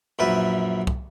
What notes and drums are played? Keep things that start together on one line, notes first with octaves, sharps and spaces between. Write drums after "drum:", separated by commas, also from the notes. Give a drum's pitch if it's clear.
A#1 F#2 B4 E5
drum: kick